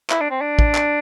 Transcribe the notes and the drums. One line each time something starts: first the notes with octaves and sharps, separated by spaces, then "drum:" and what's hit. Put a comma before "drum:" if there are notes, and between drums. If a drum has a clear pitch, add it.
E4, drum: clap
D4
C4
D4
drum: kick A1
drum: clap